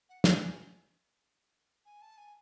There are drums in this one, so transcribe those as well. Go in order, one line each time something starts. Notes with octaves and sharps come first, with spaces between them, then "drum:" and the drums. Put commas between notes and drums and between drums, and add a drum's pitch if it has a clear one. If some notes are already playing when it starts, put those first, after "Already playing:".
F#5
F#5, drum: snare
G#5
G#5
A5
G#5